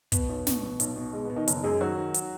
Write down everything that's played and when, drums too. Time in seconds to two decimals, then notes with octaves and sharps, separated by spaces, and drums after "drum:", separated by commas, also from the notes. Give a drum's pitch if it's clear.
0.12 B2 B3, drum: kick, hi-hat
0.29 B1
0.47 B2, drum: snare
0.63 B2
0.80 B1, drum: hi-hat
0.96 B2
1.13 B2 G#3
1.25 B2 B3
1.36 D#3 D#4
1.48 F#1, drum: hi-hat
1.63 F#2 G#3 G#4
1.81 D#3 F#3 F#4
1.97 D#3
2.14 drum: hi-hat